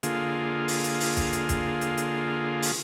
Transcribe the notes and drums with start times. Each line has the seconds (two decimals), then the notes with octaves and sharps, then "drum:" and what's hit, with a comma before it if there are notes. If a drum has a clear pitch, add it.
0.03 D3 A#3 F4 G#4, drum: hi-hat
0.68 drum: open hi-hat
0.84 drum: hi-hat
1.00 drum: open hi-hat
1.17 drum: kick, hi-hat
1.33 drum: hi-hat
1.49 drum: kick, hi-hat
1.81 drum: hi-hat
1.98 drum: hi-hat
2.62 drum: open hi-hat